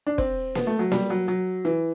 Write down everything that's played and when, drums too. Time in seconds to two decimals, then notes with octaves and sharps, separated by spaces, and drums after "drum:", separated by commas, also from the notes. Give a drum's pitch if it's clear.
0.07 D4
0.18 C4, drum: kick F1, hi-hat
0.55 B3, drum: snare A#3
0.67 A3
0.79 F#3
0.92 G3, drum: snare A#3
1.10 F#3
1.28 F#3, drum: hi-hat
1.65 E3, drum: hi-hat